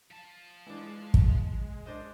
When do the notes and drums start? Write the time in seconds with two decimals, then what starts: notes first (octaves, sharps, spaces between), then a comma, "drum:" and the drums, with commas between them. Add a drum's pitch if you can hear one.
0.11 F3 A5
0.67 E3 G#3 D4
1.14 drum: kick
1.86 D4 C5 D#5